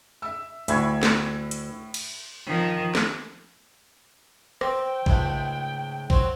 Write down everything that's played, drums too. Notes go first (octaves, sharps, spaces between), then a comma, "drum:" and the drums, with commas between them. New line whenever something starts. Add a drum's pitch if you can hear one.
E5 E6
D2 A2 E5 B5 C#6 G#6, drum: hi-hat
drum: snare
drum: hi-hat
drum: cymbal
D#3 F3
drum: snare
C4 G5, drum: rim click
C#2 G#2 A3, drum: kick A1
F#3 C4, drum: kick A1